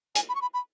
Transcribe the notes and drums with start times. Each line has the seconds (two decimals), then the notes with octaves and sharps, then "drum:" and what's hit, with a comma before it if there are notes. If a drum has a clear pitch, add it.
0.15 G#5, drum: hi-hat
0.29 B5
0.35 C#6
0.42 B5
0.54 B5